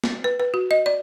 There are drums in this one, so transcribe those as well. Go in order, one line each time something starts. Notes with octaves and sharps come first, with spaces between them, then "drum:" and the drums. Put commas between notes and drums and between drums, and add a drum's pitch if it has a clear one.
drum: snare
B4
B4
F#4
D#5
D5